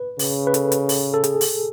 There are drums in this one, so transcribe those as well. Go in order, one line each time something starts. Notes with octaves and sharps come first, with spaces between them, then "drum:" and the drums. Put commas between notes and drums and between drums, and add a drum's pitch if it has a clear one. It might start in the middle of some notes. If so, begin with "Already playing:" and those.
Already playing: B4
C#3, drum: open hi-hat
B4
A4, drum: hi-hat
drum: hi-hat
drum: open hi-hat
A4
G#4, drum: hi-hat
drum: open hi-hat